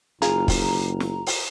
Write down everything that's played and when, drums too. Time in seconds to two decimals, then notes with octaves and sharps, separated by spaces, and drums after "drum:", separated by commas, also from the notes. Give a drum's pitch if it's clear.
0.22 F#1 F4 G#4 A#5, drum: hi-hat
0.48 drum: kick, open hi-hat
1.00 drum: snare
1.27 drum: open hi-hat